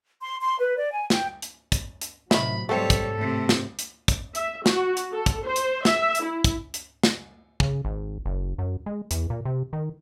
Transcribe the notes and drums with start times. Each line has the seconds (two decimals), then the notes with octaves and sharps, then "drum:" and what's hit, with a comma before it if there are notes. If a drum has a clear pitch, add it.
0.21 C6
0.41 C6
0.59 B4
0.77 D5
0.92 G#5
1.10 G5, drum: snare
1.42 drum: hi-hat
1.72 drum: kick, hi-hat
2.01 drum: hi-hat
2.31 A2 C3 D#3 F#3 E5 B5, drum: snare
2.69 G#2 G3 A3 C4 A4 C#5
2.90 drum: kick, hi-hat
3.16 A2 C3
3.49 drum: snare
3.79 drum: hi-hat
4.08 drum: kick, hi-hat
4.35 E5, drum: hi-hat
4.66 F#4, drum: snare
4.97 drum: hi-hat
5.13 A4
5.26 drum: kick, hi-hat
5.46 C5
5.56 drum: hi-hat
5.85 E5, drum: snare
6.15 drum: hi-hat
6.24 E4
6.44 drum: kick, hi-hat
6.74 drum: hi-hat
7.03 drum: snare
7.60 C#3, drum: kick
7.85 G#1
8.26 F#1
8.58 F#2
8.86 G#3
9.11 E2, drum: hi-hat
9.30 A#2
9.45 C3
9.73 D#3